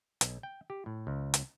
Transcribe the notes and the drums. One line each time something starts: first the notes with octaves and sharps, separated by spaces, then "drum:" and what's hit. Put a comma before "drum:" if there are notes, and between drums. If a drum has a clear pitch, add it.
B1, drum: hi-hat
G5
G4
A2
C#2
drum: hi-hat